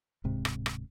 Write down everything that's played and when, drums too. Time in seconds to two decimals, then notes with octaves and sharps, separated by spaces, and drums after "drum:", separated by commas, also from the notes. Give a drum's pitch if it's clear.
0.24 D1 G#2 C3
0.45 drum: rim click
0.66 drum: rim click